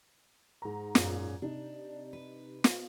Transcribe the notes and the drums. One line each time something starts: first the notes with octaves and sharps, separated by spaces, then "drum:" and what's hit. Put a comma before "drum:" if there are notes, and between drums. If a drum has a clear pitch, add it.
G#2 A#5
F#2 A#2 C#4, drum: snare
C3 D4 D#4
B4
drum: snare